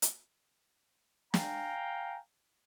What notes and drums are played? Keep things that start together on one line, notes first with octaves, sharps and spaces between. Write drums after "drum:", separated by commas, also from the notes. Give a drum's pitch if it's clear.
drum: hi-hat
F5 G5 G#5 A#5, drum: snare